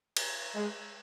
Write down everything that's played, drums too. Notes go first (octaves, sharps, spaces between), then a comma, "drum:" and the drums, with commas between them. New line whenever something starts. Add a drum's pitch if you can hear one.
drum: cymbal
G#3